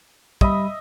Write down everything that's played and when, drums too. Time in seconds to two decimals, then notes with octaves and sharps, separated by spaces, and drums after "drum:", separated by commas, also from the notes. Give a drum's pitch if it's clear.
0.41 G3 D#5 E5 B5 D#6, drum: kick